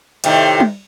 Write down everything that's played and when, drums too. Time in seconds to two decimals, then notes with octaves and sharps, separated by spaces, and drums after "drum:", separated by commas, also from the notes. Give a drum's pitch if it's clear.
0.24 A2 C3 D#3, drum: cymbal
0.60 drum: tom